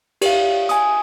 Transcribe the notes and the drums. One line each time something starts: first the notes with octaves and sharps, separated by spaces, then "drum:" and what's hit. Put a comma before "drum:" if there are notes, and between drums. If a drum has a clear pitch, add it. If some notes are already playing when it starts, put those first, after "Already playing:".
G4 F5, drum: cymbal
G#5 D#6, drum: hi-hat